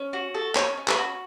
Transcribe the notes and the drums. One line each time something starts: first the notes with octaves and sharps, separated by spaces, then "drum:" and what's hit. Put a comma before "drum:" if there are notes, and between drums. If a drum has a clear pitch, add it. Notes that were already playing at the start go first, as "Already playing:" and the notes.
Already playing: C#4
F#4
A4
C#4 C#5, drum: clap
C#4
B4, drum: clap
F#4